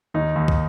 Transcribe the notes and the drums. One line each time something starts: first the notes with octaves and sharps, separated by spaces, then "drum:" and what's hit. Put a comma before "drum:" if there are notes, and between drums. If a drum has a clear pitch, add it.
D#2 D#4
D#2
drum: kick